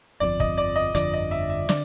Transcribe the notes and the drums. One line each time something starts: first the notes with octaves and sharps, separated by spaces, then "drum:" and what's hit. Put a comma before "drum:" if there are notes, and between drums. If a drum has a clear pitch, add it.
G1 F2 D3 F3 D5
D#5, drum: kick
D5
D#5
G1 F2 D3 F3 D5, drum: hi-hat
D#5
E5
E5
D3 D5, drum: snare